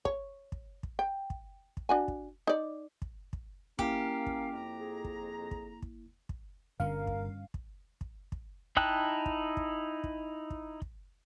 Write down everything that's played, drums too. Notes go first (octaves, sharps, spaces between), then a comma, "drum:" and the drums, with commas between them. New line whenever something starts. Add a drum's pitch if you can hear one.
C#5, drum: kick
drum: kick
drum: kick
G5
drum: kick
drum: kick
D4 F#4 G#5
drum: kick
D#4 D5
drum: kick
drum: kick
A#3 C#4 E4 G4 A#4 F5, drum: kick
drum: kick
F2 A#5
G#4
drum: kick
drum: kick
drum: kick
drum: kick
G1 G2 A#2 D3 C#4 A#4 F5
drum: kick
drum: kick
drum: kick
drum: kick
D#4 E4 G5 A5 F#6, drum: kick
drum: kick
drum: kick
drum: kick
drum: kick
drum: kick